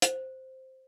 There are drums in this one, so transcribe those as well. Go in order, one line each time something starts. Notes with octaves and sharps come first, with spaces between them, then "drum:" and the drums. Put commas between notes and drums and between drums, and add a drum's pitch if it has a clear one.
C5, drum: hi-hat